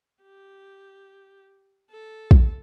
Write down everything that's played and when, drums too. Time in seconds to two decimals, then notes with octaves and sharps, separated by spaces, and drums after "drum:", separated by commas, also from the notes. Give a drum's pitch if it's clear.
0.23 G4
1.90 A4
2.31 drum: kick